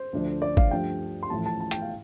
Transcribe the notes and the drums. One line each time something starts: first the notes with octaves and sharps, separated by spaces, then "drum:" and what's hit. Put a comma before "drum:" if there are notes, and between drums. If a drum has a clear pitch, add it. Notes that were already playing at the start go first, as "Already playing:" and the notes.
Already playing: C5
D2 D3 F3 A3 D4
D5
F5, drum: kick
G2 F3 A3 D4 G5
C6
A1 A2 F3 A3 A5
A5
A5
G5, drum: hi-hat
F5